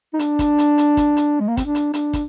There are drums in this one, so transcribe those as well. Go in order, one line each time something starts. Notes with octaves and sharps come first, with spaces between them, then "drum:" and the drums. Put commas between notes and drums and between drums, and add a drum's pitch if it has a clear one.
D#4
D4, drum: hi-hat
drum: kick, hi-hat
drum: hi-hat
drum: hi-hat
drum: kick, hi-hat
drum: hi-hat
G#3
A#3
C4, drum: kick, hi-hat
D4
drum: hi-hat
D4, drum: hi-hat
drum: kick, hi-hat